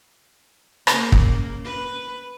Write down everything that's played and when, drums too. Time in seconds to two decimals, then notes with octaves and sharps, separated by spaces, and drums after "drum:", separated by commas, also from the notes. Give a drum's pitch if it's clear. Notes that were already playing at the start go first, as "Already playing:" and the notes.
0.87 C#3 A#3, drum: rim click
1.12 drum: kick
1.65 B4